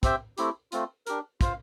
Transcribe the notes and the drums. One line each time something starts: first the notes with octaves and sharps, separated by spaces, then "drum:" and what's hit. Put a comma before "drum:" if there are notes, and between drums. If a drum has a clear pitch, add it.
C4 G4 C5 E5 G5, drum: kick, hi-hat
A3 C4 E4 G4, drum: hi-hat
A3 C4 F4, drum: hi-hat
D4 G4 A#4, drum: hi-hat
F4 C5 F5, drum: kick, hi-hat